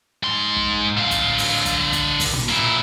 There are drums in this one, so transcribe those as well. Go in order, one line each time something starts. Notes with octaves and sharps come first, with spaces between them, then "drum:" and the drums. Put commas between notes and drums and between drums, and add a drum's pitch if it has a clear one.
G#2 C6
drum: kick
D3 F5
drum: kick, hi-hat
drum: open hi-hat
drum: kick, hi-hat
drum: kick, hi-hat
drum: kick, open hi-hat
drum: tom
A#2 E4